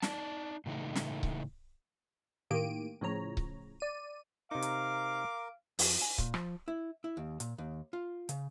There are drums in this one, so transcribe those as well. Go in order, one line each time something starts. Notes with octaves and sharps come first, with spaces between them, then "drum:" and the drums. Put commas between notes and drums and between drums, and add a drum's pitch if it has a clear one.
D#4 D5 A5, drum: snare
A2 C#3 E3 A3 D#4
drum: snare
drum: kick C#1
A2 D#3 A#3 G4 D7 D#7
A2 C#3 F3 C#5 A#5
drum: kick C#1
D5 D#7
C3 D#4 A#4 F5 D6
drum: hi-hat
F2, drum: open hi-hat
G#5
A#2, drum: kick C#1
F3, drum: rim click
E4
E4
D#2
A#2, drum: hi-hat
D#2
F4
C#3, drum: hi-hat